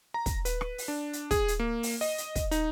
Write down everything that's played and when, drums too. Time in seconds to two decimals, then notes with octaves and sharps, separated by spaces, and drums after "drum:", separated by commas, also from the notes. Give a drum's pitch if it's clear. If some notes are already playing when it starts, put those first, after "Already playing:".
0.14 A#5
0.26 drum: kick, hi-hat
0.45 B4, drum: hi-hat
0.61 drum: rim click
0.78 drum: open hi-hat
0.88 D4
1.13 drum: hi-hat
1.31 G#4, drum: kick, hi-hat
1.48 drum: hi-hat
1.59 A#3
1.83 drum: open hi-hat
2.01 D#5, drum: open hi-hat
2.18 drum: hi-hat
2.35 drum: kick, hi-hat
2.51 D#4, drum: hi-hat